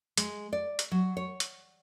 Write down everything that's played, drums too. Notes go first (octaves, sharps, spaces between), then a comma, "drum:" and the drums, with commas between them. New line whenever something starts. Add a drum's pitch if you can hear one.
G#3, drum: hi-hat
D5
drum: hi-hat
F#3
C#5
drum: hi-hat